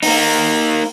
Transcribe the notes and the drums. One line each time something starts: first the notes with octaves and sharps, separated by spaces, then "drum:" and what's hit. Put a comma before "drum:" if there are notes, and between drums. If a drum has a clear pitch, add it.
A#3 D#4, drum: open hi-hat